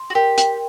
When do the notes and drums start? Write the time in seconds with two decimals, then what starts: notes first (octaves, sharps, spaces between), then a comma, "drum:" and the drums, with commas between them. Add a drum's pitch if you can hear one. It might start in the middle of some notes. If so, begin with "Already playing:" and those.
Already playing: C6
0.10 F#4
0.15 G4 A#4
0.38 G5, drum: hi-hat